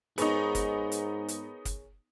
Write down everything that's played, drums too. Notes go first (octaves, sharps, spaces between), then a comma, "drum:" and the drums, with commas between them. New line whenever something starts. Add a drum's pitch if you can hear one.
G#2 B3 D#4 G#4 A#4 C#5, drum: hi-hat
drum: kick, hi-hat
drum: hi-hat
drum: hi-hat
drum: kick, hi-hat